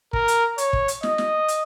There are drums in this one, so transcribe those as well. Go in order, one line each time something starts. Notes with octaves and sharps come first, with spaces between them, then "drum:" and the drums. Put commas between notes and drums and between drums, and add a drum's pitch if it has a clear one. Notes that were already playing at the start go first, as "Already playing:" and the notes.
A#4, drum: kick
drum: hi-hat
C#5, drum: hi-hat
drum: kick
drum: hi-hat
D#5, drum: snare
drum: snare
drum: hi-hat